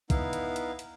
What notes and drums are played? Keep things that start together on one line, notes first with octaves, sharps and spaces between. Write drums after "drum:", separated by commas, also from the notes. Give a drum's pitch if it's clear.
B3 D#4 E4 F5, drum: kick, hi-hat
drum: hi-hat
drum: hi-hat
drum: hi-hat